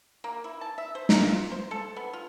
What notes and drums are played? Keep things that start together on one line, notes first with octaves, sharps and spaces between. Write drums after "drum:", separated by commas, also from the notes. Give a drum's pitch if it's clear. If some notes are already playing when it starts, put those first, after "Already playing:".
A#3
E4
A5
E5
C5
A#4, drum: snare
F4
C5
A4
B3
F4